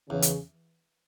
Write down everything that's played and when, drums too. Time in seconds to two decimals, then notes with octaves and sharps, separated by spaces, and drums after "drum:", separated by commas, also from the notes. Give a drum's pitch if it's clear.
0.10 E2 C#3
0.22 drum: hi-hat